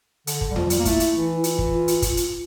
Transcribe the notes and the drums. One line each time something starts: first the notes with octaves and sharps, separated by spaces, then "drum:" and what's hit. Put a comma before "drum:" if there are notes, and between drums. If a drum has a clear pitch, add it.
D3, drum: hi-hat
D3, drum: kick
G3
F3 F4, drum: tom E2
G3, drum: hi-hat
A#3
A3 E4, drum: kick, hi-hat
drum: hi-hat
E3
E4
F4, drum: hi-hat
drum: kick
F4
drum: hi-hat
F4, drum: kick, hi-hat
drum: hi-hat